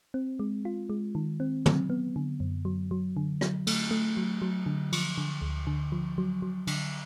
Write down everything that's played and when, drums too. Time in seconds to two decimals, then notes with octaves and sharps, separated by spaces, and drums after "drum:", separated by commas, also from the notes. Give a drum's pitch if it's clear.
0.14 C4
0.39 G#3
0.65 F4
0.90 G#3
1.15 D#3
1.40 C4
1.66 F#3, drum: tom
1.90 B3
2.16 D3
2.40 F#2
2.65 F#3
2.91 F#3
3.17 D3
3.41 F#3, drum: rim click
3.67 A3, drum: cymbal
3.91 A3
4.17 F#3
4.42 F#3
4.66 D3
4.92 F3, drum: cymbal
5.18 D3
5.42 D2
5.67 D3
5.92 F3
6.18 F#3
6.42 F#3
6.67 D3, drum: cymbal